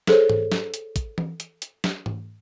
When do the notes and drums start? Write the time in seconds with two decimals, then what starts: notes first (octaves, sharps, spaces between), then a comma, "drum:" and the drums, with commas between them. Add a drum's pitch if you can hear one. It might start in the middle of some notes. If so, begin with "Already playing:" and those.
0.07 G#4 A4 C5 C#5, drum: snare
0.30 drum: tom G#2
0.52 drum: snare
0.74 drum: hi-hat
0.96 drum: kick, hi-hat
1.18 drum: tom E3
1.40 drum: hi-hat
1.62 drum: hi-hat
1.84 drum: snare
2.06 drum: tom G#2